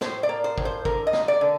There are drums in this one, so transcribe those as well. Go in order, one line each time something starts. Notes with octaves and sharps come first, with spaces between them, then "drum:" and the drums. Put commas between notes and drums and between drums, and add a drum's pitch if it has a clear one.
A2 C5, drum: snare
D5
A#3
C5
A2, drum: kick
C5
D3 A#4, drum: kick
D#5
A#3, drum: snare
D5
D3